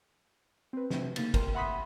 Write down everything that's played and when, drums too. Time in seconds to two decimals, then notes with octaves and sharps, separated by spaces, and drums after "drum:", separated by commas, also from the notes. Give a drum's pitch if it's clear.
0.73 C4 B4
0.91 C3 E3 A3 C4, drum: snare
1.16 C#3 A#3 D#4 A6, drum: cymbal
1.34 A#4 G5 C6, drum: kick, cymbal
1.54 E5 F#5 B5 C6 D#6 B6